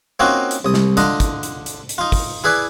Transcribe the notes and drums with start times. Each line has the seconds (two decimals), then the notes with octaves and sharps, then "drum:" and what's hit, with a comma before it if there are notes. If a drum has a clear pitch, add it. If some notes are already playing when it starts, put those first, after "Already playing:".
0.20 A#3 C4 C#4 D#4 F4 F#4
0.51 drum: hi-hat
0.65 C2 D#6
0.74 drum: snare
0.97 D3 D4 F4 D#5 D#6, drum: hi-hat
1.20 drum: kick, hi-hat
1.43 drum: hi-hat
1.66 drum: hi-hat
1.89 drum: hi-hat
1.98 D#4 F4
2.12 drum: kick, open hi-hat
2.44 E4 G#4 B4 D5